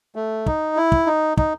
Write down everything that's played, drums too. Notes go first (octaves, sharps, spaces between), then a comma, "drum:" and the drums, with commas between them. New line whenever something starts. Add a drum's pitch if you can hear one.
A3
D#4, drum: kick
E4
drum: kick
D#4
D#4, drum: kick